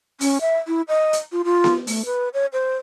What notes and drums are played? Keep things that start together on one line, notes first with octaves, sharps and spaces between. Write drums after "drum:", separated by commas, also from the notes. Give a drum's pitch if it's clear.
C#4, drum: open hi-hat
E5
E4
D#5
drum: hi-hat
F4
F4
drum: snare B3
A3, drum: open hi-hat
B4
C#5
C5